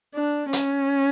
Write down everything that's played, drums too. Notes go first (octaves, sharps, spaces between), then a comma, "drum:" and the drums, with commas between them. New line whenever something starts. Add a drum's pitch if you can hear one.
D4
C#4, drum: hi-hat